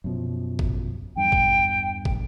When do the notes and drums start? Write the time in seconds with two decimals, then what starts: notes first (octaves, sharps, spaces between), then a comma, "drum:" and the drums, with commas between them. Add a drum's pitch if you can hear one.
0.04 F#2 B2 F3
0.59 drum: kick
1.16 E2 G2 G5
1.32 drum: kick
2.05 drum: kick